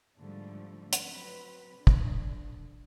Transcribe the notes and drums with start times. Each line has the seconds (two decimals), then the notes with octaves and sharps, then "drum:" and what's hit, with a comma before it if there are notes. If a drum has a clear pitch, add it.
0.19 G#2 D3 F3 G3 A3
0.93 drum: hi-hat
1.02 F#3 C4 B4
1.78 D3
1.87 drum: kick